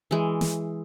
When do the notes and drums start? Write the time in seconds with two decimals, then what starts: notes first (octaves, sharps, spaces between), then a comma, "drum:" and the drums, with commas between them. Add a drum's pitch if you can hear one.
0.11 E3 G#3
0.41 drum: snare